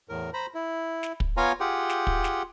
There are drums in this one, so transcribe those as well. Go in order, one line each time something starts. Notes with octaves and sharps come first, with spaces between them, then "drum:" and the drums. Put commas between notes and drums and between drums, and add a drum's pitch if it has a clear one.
E2 A2 A#4
C5 A#5 B5
E4
drum: snare
drum: kick
B3 F4 C#5 F5 G#5 A#5
F4 G4 G#4 F#5 G5
drum: snare
drum: kick
drum: snare